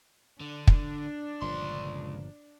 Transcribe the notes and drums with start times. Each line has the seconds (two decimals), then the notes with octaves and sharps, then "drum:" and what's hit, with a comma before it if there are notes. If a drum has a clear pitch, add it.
0.41 D3 D4
0.67 drum: kick
1.42 G1 C#2 A#2 F3 C6